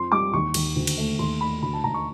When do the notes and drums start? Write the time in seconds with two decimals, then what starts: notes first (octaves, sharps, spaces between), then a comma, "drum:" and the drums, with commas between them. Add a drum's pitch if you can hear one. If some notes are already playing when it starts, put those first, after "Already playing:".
Already playing: F2 C6
0.12 G3 D6
0.33 D#2 C#6
0.54 D#2, drum: cymbal
0.76 D2
0.87 drum: cymbal
0.98 A3
1.19 D#2 C6
1.41 A3 B5
1.62 D2 B5
1.73 A5
1.84 D2 A#5
1.94 C#6